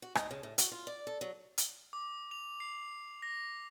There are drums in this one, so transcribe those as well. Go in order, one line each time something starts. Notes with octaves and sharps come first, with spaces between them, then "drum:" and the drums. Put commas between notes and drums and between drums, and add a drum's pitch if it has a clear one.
F#4
D#4, drum: rim click
C#3
A2
F#4, drum: hi-hat
F4
D5
A4
F#3
drum: hi-hat
D6
F7
C7
A#6